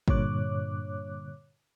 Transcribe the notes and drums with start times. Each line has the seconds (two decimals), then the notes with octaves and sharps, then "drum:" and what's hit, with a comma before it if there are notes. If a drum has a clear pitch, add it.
0.08 G2 A#2 D3 C#5 D6 F#6, drum: kick